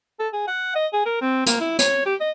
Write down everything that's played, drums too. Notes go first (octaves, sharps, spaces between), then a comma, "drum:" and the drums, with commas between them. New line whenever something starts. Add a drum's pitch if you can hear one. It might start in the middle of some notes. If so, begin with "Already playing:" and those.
A4
G#4
F#5
D#5
G#4
A#4
C4
A#3, drum: hi-hat
E4
C#5, drum: hi-hat
G4
D#5